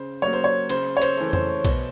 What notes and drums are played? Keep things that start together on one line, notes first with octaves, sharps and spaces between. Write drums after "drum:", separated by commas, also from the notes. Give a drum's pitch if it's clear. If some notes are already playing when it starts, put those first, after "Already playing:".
Already playing: C#3 C5
F#3 A#3 C#5
C5
C#5
C#3 C5, drum: cymbal
C#5
C5, drum: cymbal
E3 A3
C5, drum: tom F2
B2, drum: kick B1, cymbal